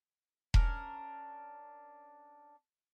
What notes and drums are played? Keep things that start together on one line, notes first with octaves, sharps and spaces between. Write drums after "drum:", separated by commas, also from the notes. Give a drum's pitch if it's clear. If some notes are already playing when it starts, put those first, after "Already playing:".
C#4 D4 A#4, drum: kick E1